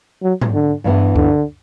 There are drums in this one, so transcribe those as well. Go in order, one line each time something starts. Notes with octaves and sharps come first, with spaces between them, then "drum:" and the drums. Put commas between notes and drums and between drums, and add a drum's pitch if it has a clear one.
F#3
drum: tom G#2
D3
G2 E3 B3 E4
D3, drum: kick D2